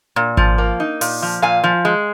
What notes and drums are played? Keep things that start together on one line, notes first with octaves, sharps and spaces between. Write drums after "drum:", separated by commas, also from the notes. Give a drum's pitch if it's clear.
A#2
F3, drum: kick G#1
A#3
D#4
A#2, drum: open hi-hat
F3
A#2 F5 G#5
F3
G#3